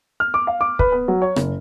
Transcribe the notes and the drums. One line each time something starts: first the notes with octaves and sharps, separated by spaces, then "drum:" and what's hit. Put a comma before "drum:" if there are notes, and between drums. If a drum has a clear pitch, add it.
F6
D6
F5
D6
B4, drum: kick
B3
F#3
C#5
F#1, drum: rim click